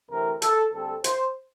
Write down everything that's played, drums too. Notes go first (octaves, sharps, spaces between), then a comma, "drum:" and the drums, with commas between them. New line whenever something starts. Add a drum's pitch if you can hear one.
D2 C3 E3 A3 C4 A#4
A4, drum: hi-hat
D2 D3 G3 C4 A4
C5, drum: hi-hat